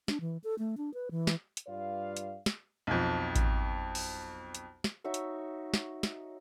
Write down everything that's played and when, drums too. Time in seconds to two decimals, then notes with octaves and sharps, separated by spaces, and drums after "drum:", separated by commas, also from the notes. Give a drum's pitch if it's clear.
0.08 D4, drum: snare
0.21 E3
0.44 A4
0.59 A3
0.77 D4
0.94 B4
1.11 E3
1.27 drum: snare
1.57 drum: hi-hat
1.67 G2 F4 B4 D5 F5
2.17 drum: hi-hat
2.46 drum: snare
2.87 B1 F2
3.36 drum: kick A1, hi-hat
3.95 drum: open hi-hat
4.55 drum: hi-hat
4.84 drum: snare
5.04 D#4 F#4 C#5 E5
5.14 drum: hi-hat
5.74 drum: snare
6.03 drum: snare